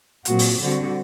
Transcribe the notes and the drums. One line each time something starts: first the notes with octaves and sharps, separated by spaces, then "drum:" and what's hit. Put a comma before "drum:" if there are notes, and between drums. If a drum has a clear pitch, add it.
A#2 F#3 C4 F#4, drum: hi-hat
drum: open hi-hat
D3 G3 C4 F#4